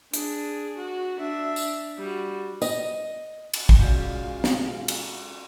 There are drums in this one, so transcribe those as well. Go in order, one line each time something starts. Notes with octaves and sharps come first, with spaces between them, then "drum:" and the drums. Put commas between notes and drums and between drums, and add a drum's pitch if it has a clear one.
D4 G#4, drum: hi-hat
F#4
D4 E5
drum: tambourine
G3 F#4
D#5, drum: tambourine
drum: cymbal
drum: kick
G#3 C#4 F4 F#4 D5 F5
drum: snare
drum: cymbal